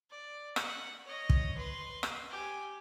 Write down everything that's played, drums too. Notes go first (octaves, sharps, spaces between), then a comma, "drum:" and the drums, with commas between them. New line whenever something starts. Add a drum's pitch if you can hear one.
D5
F#5, drum: rim click
C#5 D#5
drum: kick
B4 C6
drum: rim click
G4 G#5